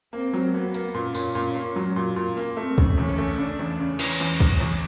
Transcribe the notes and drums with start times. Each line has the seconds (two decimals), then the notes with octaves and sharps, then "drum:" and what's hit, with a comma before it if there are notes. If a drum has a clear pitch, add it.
0.13 A#3 C4
0.33 F#3
0.53 A#3 B3
0.74 A#3, drum: hi-hat
0.94 A#2 C#4
1.15 A#2, drum: open hi-hat
1.35 A#2
1.55 A#3
1.76 F#3
1.96 A#2
2.16 A#2
2.37 A#3
2.57 A3 C4
2.78 C#3, drum: kick
2.97 E2 C#4
3.18 A3
3.38 C#3 D4
3.59 E2
3.79 C#3 C#4
3.99 E3, drum: cymbal
4.20 E2
4.40 E2, drum: kick
4.61 E2